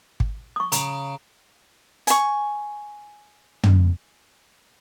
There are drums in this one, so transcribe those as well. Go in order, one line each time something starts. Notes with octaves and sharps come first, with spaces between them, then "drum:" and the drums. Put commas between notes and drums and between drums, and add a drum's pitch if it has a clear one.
drum: kick
C#6 D#6
C#3 A#5, drum: hi-hat
G#5 C#6, drum: hi-hat
drum: tom